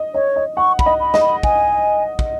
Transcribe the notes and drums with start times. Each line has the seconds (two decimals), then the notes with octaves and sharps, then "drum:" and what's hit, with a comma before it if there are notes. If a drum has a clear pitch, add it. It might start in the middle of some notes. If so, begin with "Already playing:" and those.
Already playing: D#5
0.14 C#5 D#5
0.36 D#5
0.57 F#5 C#6
0.79 B5, drum: kick
0.86 D#5
1.00 B5
1.14 D#5, drum: snare
1.21 B5
1.43 G#5, drum: kick
2.19 drum: kick